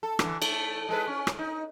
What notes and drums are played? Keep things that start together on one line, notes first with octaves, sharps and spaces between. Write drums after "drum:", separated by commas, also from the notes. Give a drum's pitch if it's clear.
A4
D3 E3, drum: rim click
A3, drum: cymbal
G#3 A4 B4
C#4
drum: rim click
D#4